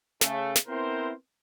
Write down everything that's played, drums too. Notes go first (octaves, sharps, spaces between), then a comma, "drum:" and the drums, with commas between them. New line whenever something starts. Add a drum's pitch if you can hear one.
C#3 A3, drum: snare
drum: snare
B3 C4 E4 A#4 C5